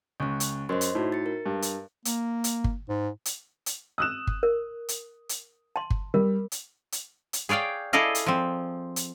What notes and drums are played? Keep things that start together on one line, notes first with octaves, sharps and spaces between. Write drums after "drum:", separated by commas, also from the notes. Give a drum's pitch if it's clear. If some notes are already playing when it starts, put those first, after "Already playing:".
C#2 C#4 C#6
drum: hi-hat
F#2 C5 D#5 C6
drum: hi-hat
A2 D#4 F#4
A6 C#7
A#4
G2
drum: hi-hat
A#3, drum: hi-hat
drum: hi-hat
drum: kick G1
G#2
drum: hi-hat
drum: hi-hat
D#6 E6 F#6 E7
drum: kick G1
A#4
drum: hi-hat
drum: hi-hat
A5 C6
drum: kick G1
G3 A#4
drum: hi-hat
drum: hi-hat
drum: hi-hat
G#4 C#5 D5 F5 G5
E4 G#4 A4 D5 D#5 F5
drum: hi-hat
F3 C4
drum: hi-hat